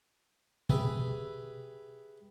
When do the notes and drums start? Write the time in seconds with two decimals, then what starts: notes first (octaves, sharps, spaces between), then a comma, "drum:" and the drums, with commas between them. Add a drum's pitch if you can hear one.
0.69 G4 G#4 B4 E5 G#5, drum: tom B2